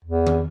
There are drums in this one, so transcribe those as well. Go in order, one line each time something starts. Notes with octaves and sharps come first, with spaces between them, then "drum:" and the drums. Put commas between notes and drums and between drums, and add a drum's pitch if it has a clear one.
E2
drum: tom D#3